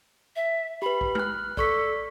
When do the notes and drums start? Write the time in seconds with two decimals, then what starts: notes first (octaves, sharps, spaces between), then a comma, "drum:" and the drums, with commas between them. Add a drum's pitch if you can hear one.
0.36 E5
0.82 G4 B4 B5
1.01 drum: kick A#1
1.15 F6 F#6, drum: tom G#3
1.57 A4 D5 C#6 B6, drum: kick A#1